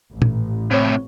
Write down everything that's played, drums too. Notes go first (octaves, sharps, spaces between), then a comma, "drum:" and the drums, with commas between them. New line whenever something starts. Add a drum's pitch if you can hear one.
A1
drum: tom A#2
A2 C3 C4 C#5